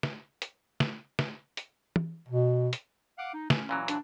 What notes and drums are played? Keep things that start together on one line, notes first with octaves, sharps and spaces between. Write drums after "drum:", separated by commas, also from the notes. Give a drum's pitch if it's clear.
drum: snare
drum: hi-hat
drum: snare
drum: snare
drum: hi-hat
drum: tom
B2
drum: hi-hat
F5 F#5 D6
D#4
C#4, drum: snare
A#2 E3 F#3
D4, drum: hi-hat